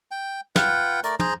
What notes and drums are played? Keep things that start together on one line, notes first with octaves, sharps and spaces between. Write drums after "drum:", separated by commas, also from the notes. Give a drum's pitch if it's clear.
G5
F4 B4 F#5 G5, drum: snare
A3 A#4 D5, drum: hi-hat
G#4 C5 A#5, drum: tom